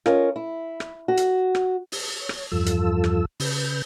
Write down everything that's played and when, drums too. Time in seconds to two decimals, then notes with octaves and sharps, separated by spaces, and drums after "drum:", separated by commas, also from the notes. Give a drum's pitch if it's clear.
0.06 C#4 F4 A#4 D#5, drum: rim click
0.36 E4
0.80 drum: rim click
1.08 F#4
1.17 drum: hi-hat
1.55 drum: rim click
1.92 drum: open hi-hat
2.19 C#5
2.29 drum: rim click
2.52 E2 G2 F3 F4 A4 E6
2.66 drum: hi-hat
3.04 drum: rim click
3.40 C#3 B4 G6, drum: open hi-hat